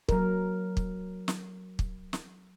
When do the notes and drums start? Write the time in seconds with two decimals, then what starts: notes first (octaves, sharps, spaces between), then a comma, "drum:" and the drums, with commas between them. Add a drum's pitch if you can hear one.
0.09 F#3 A#4, drum: kick
0.77 drum: kick
1.28 drum: snare
1.79 drum: kick
2.13 drum: snare